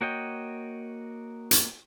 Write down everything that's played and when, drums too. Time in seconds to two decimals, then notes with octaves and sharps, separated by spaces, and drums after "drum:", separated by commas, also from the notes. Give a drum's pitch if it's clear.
0.01 A#3 F#4 C#5 D#5 G5
1.51 drum: hi-hat